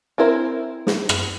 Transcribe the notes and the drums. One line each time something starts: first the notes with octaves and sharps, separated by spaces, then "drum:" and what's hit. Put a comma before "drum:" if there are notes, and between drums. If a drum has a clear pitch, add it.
C4 E4 A#4 C5
drum: snare
drum: rim click